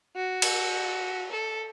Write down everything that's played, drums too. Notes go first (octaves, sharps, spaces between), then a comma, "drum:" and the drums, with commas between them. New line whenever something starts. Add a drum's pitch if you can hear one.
F#4
drum: cymbal
A4